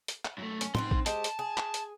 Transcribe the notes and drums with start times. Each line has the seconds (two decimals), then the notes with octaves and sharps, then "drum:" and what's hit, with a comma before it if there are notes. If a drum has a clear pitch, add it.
0.08 drum: hi-hat
0.25 drum: clap
0.38 F#2 A3
0.61 C#4, drum: hi-hat
0.75 C4 D4 D#4 B4 C6, drum: tom
0.91 drum: kick A#1
1.06 G#3 G4 C5 A5, drum: hi-hat
1.24 drum: hi-hat
1.39 G#4
1.57 drum: clap
1.74 drum: hi-hat